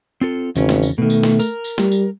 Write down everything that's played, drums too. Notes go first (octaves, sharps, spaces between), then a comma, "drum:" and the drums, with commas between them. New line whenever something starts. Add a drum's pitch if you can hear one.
C4 F4 A4
G#1 E2 C#3 C#4, drum: tambourine
drum: snare
drum: tambourine
B2 D#3 A3
drum: tambourine
drum: snare
A#4, drum: tambourine
drum: tambourine
G3, drum: snare
drum: tambourine